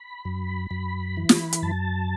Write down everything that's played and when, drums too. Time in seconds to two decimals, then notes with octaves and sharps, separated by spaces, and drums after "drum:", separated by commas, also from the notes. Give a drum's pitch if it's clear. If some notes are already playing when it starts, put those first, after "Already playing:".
Already playing: B5
0.25 F#2
0.71 F#2
1.17 E3
1.29 drum: snare
1.53 drum: hi-hat
1.62 F#2 A5